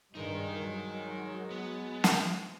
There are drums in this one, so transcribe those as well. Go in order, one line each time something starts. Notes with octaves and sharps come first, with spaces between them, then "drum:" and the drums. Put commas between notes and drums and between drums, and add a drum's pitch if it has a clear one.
G2 D#3 G#3 D#4 A#4
F#3
B3
drum: snare